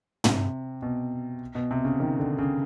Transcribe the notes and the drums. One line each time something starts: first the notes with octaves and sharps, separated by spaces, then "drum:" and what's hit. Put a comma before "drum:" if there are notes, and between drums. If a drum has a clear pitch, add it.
C3, drum: tom
B2
B2
C3
C#3
D#3
D3
C#3